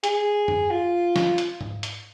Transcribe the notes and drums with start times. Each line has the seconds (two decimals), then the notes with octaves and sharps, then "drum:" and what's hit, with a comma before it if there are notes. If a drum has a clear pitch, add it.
0.04 G#4, drum: hi-hat
0.48 drum: tom F#2
0.71 F4
1.16 drum: snare
1.38 drum: hi-hat
1.61 drum: tom G#2
1.83 drum: hi-hat